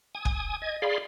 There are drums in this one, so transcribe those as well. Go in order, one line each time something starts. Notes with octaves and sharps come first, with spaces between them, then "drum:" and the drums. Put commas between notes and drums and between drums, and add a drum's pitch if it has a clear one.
G#5 D#6
drum: kick
D#5 G#6
G#4 D5 F5 B5 C6